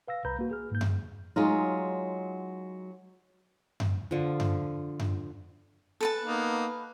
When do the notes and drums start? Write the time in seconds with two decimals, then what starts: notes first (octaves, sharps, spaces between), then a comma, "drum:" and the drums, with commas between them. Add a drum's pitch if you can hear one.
0.08 B4 F5 E6 A#6
0.25 C2 B4 A#5 B5 G6
0.39 A#3 F#4
0.51 G#4 F6
0.71 G#2 A#3 G6
0.81 drum: tom F#2
1.36 F#3 G#3 D#4 F4
3.80 drum: tom F#2
4.11 D3 F3
4.40 drum: tom F#2
4.99 drum: tom F#2
6.01 A4 B4 A5
6.24 A#3 B3 D#4